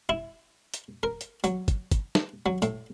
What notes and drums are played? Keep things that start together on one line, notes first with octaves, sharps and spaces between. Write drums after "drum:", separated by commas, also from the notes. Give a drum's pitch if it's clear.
E4
drum: hi-hat
A#4
drum: hi-hat
F#3, drum: hi-hat
drum: kick, hi-hat
drum: kick, hi-hat
drum: snare
F#3
A2, drum: hi-hat